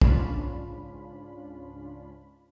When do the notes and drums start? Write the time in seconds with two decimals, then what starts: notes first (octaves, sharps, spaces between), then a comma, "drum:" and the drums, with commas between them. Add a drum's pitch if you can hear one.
0.02 C#2 G#2 C#4 D4 F4 B5, drum: kick